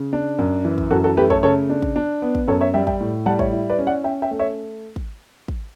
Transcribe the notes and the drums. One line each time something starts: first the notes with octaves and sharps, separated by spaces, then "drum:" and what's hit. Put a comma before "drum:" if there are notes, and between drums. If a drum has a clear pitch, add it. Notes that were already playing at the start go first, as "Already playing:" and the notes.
Already playing: C#3
D4
F#2
E3
drum: kick
F#2 F#4 A4
F#4 A4
A3 G4 B4
A4 C#5, drum: kick
C#3 A4 C#5
D4
drum: kick
D4
B3
drum: kick
F#2 A4 C#5
C#5 E5
G3 E5 G5
E5 G5, drum: kick
A2
G3 F#5 A5
C#5 E5, drum: kick
E4
B4 D5
C#4
D5 F#5
C#4 E5 G5
E5 G5
A3
C#5 E5
drum: kick
drum: kick